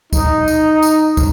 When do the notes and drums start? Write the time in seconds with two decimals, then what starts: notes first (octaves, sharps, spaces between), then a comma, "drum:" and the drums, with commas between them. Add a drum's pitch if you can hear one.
0.13 D#4, drum: kick, tambourine
0.48 drum: tambourine
0.83 drum: tambourine
1.17 drum: kick, tambourine